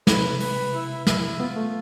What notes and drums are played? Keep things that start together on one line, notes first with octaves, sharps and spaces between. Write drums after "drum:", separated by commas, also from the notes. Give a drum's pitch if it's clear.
C3 B4, drum: snare
B4, drum: open hi-hat
E4
E4, drum: snare
B3 F4
A3